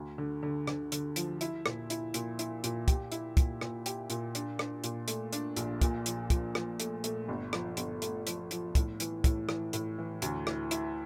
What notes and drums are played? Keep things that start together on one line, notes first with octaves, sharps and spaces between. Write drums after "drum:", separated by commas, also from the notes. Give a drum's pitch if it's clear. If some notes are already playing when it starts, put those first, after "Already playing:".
Already playing: D2
D3
D3
D3, drum: rim click
D3, drum: hi-hat
F3, drum: hi-hat
E4, drum: hi-hat
A#2, drum: rim click
E4, drum: hi-hat
A#2, drum: hi-hat
E4, drum: hi-hat
A#2, drum: hi-hat
G4, drum: kick, hi-hat
E4, drum: hi-hat
A#2, drum: kick, hi-hat
A#2, drum: rim click
G4, drum: hi-hat
A#2, drum: hi-hat
D4, drum: hi-hat
D4, drum: rim click
A#2, drum: hi-hat
A3, drum: hi-hat
D4, drum: hi-hat
A#1, drum: hi-hat
A#2, drum: kick, hi-hat
F3, drum: hi-hat
F3, drum: kick, hi-hat
F3, drum: rim click
A3, drum: hi-hat
A3, drum: hi-hat
G1
F3, drum: rim click
G1, drum: hi-hat
A3, drum: hi-hat
F3, drum: hi-hat
F3, drum: hi-hat
A2, drum: kick, hi-hat
E3, drum: hi-hat
A2, drum: kick, hi-hat
E3, drum: rim click
A2, drum: hi-hat
E3
D2, drum: hi-hat
E4, drum: rim click
E4, drum: hi-hat